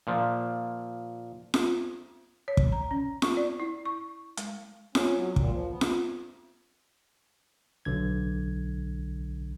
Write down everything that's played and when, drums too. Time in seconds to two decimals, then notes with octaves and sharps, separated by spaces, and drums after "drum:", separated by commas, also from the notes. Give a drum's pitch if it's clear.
0.07 A#2 F3
1.54 drum: snare F4
2.48 C#5
2.57 drum: kick
2.72 A#5
2.91 C#4
3.22 C#6, drum: snare F4
3.37 D5
3.60 E4
3.85 C#6
4.37 G#3, drum: hi-hat
4.95 C#4, drum: snare F4
5.17 F#3
5.36 A#2, drum: kick
5.53 F3
5.70 B3
5.81 drum: snare F4
7.85 B1 D3 G#6